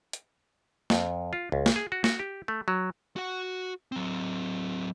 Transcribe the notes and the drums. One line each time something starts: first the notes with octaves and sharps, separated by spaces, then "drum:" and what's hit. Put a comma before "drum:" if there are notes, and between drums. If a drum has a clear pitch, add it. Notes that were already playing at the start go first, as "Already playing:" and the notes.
drum: hi-hat
F2, drum: snare
F4
C#2
drum: snare
G#4
F#4
F#4, drum: snare
G4
A3
F#3
F#4 F#5
F#3 C4